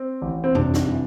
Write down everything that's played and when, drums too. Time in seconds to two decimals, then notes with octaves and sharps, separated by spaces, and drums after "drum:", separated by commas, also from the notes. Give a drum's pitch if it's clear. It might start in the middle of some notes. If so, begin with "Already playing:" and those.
Already playing: C4
0.22 A1
0.44 C4
0.55 C3 D4, drum: tom F2
0.74 drum: snare
0.87 E3